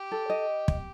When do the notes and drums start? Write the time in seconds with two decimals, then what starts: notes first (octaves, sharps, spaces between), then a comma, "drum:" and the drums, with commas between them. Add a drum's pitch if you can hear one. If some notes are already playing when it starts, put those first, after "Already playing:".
Already playing: G4
0.12 A4
0.30 D#5
0.68 drum: kick